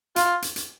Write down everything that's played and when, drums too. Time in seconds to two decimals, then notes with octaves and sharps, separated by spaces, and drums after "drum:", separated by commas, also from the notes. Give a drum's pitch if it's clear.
0.16 F4, drum: hi-hat
0.42 drum: hi-hat
0.56 drum: hi-hat